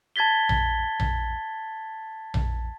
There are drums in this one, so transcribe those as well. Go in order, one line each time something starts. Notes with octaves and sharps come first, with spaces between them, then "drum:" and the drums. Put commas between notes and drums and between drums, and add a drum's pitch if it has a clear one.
A5 G#6 A6 B6 G7
drum: tom A#1
drum: tom A#1
drum: tom A#1